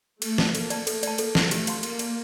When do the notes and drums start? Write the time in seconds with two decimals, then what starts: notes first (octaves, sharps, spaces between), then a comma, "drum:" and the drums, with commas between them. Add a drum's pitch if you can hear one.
0.22 A3 A4, drum: cymbal
0.38 D5 A5, drum: snare
0.55 A#3 A4, drum: cymbal
0.70 D5 A5, drum: cymbal
0.87 A3 A4, drum: cymbal
1.03 D5 A5, drum: cymbal
1.18 A#3 A4, drum: cymbal
1.35 D5 A5, drum: snare
1.51 A3 G4, drum: cymbal
1.67 D5 F5 A5 C6, drum: cymbal
1.83 A#3 G4, drum: cymbal
1.99 D5 F5 A5 C6, drum: cymbal